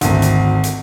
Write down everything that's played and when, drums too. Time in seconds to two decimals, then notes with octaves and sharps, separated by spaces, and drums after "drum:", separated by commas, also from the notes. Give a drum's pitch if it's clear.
0.01 G#1 D2, drum: hi-hat
0.22 drum: hi-hat
0.64 drum: hi-hat